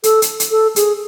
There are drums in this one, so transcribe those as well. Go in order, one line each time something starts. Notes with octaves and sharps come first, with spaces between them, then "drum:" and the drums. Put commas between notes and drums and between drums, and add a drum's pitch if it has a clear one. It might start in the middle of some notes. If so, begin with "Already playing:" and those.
A4, drum: hi-hat
drum: hi-hat
drum: hi-hat
A4
G#4, drum: hi-hat